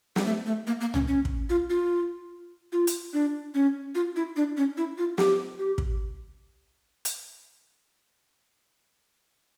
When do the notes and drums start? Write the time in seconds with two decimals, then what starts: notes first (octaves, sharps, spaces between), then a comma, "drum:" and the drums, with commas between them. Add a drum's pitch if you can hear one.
0.16 G3, drum: snare
0.26 A3
0.46 A3
0.67 A#3
0.81 A#3
0.94 C#4, drum: tom
1.08 C#4
1.25 drum: kick
1.50 F4
1.70 F4
2.73 F4
2.87 drum: hi-hat
3.13 D4
3.55 C#4
3.95 F4
4.16 E4
4.36 D4
4.57 C#4
4.77 E4
4.98 F4
5.18 G4, drum: snare
5.59 G4
5.78 drum: kick
7.05 drum: hi-hat